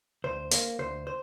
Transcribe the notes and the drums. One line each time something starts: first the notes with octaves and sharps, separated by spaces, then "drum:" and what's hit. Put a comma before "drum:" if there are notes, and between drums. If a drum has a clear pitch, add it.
D2 C5
A#3, drum: hi-hat
D2 C5
C5